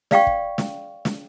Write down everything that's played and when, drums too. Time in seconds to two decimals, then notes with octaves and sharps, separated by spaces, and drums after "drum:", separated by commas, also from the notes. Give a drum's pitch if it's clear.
0.11 D5 F5 G5 C#6, drum: snare
0.27 drum: kick
0.58 drum: snare
1.05 drum: snare